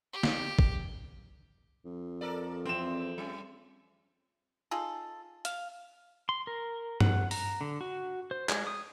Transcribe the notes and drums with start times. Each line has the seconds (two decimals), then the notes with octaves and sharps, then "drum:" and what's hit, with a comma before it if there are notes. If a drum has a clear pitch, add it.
0.13 G4
0.23 drum: snare
0.59 drum: kick
1.85 F2
2.21 A4 A#4 D5
2.66 E2 C4 E7
3.18 G3 C#4
4.71 D#4 F4 G#4 A4
5.45 F5, drum: hi-hat
6.29 C6
6.47 A#4
7.00 F#5, drum: tom G2
7.31 A#5, drum: open hi-hat
7.61 D3
7.81 F#4
8.31 C5
8.49 G#3, drum: clap
8.67 D#6